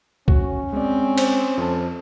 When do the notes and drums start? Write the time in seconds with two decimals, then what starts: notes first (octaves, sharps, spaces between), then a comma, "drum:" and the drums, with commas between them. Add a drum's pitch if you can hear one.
0.28 C#4 F#4, drum: kick C2
0.73 G#3 C4 D5
1.18 C5, drum: cymbal
1.58 F2 A4 A5